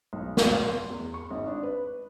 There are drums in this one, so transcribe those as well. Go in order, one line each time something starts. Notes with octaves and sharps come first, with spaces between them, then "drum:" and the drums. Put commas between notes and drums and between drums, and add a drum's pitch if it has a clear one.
B1
drum: snare
F#3
C6
E2
C#6
G#1
D4
B4